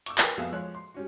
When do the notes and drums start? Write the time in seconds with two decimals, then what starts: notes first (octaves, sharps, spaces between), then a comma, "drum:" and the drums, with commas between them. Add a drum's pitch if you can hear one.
0.06 C#6 D6 E6, drum: hi-hat
0.18 G#4 A#4 B4 G5 G#5 D6, drum: clap
0.38 F2 B3 G#4 E5 F5 E6
0.52 F3 G#3 C#5 F#6
0.75 C6
0.94 G3 C#4 F#4